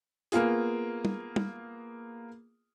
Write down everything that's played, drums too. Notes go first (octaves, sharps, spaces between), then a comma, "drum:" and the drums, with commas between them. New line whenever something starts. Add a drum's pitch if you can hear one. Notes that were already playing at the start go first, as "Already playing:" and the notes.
A#3 B3 F4 G#4, drum: hi-hat
drum: tom
drum: tom